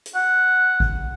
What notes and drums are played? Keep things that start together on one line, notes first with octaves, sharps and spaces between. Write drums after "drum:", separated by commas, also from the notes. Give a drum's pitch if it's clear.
drum: hi-hat
F#5
drum: kick G#1